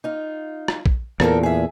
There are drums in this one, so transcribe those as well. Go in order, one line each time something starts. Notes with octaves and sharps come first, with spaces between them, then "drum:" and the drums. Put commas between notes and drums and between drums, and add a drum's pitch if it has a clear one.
D#4 F4
drum: rim click
drum: kick
E2 A#2 C4 A4 A#4, drum: rim click
G#4 E5